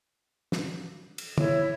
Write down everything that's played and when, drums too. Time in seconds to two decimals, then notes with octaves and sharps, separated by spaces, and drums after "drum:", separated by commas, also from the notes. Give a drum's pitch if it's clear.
0.52 drum: snare
1.18 drum: cymbal
1.38 E4 C#5, drum: tom